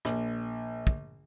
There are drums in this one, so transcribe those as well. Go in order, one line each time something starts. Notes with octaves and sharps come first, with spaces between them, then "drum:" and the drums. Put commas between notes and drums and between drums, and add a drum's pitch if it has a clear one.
A#1, drum: rim click
drum: kick